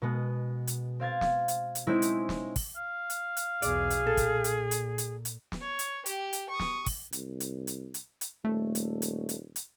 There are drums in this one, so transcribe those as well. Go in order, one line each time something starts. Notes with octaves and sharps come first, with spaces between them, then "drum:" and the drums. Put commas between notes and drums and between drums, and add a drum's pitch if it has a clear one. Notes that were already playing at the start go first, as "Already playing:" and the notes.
B2 G#3 B3
drum: hi-hat
C4 F5 G#6 A6
drum: snare
drum: hi-hat
drum: hi-hat
G#3 C4 C#4 D#4 E4 G#4
drum: hi-hat
drum: snare
drum: kick, open hi-hat
F5
drum: hi-hat
drum: hi-hat
B1 E2 G#4 D5, drum: hi-hat
drum: hi-hat
A#2 A4
drum: kick, hi-hat
drum: hi-hat
drum: hi-hat
drum: hi-hat
drum: hi-hat
drum: snare
C#5
drum: hi-hat
G4, drum: hi-hat
drum: hi-hat
C#6 D#6
drum: snare
drum: kick, open hi-hat
C2, drum: hi-hat
drum: hi-hat
drum: hi-hat
drum: hi-hat
drum: hi-hat
D#1 A3
drum: hi-hat
drum: hi-hat
drum: hi-hat
drum: hi-hat